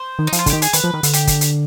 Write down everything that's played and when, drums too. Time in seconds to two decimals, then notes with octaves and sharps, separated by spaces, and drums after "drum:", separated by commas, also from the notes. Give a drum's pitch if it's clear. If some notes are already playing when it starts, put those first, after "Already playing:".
Already playing: C5
0.19 D#3
0.27 D#4
0.33 F3, drum: hi-hat
0.39 F4
0.46 D3, drum: kick, hi-hat
0.50 D#3 G4
0.62 G#4, drum: hi-hat
0.73 D#3 B4, drum: hi-hat
0.84 F3
0.94 D#3
1.03 D3, drum: hi-hat
1.13 G4, drum: hi-hat
1.27 drum: kick, hi-hat
1.41 drum: hi-hat